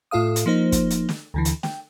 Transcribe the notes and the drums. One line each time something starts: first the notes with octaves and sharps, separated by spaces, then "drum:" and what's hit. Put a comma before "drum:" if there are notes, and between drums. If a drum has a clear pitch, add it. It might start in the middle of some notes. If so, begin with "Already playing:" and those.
A2 F4 A4 F5 D#6
drum: hi-hat
F3 A#3 D#4 C5
drum: kick, hi-hat
drum: hi-hat
drum: snare
D2 D3 E3
drum: hi-hat
G5, drum: snare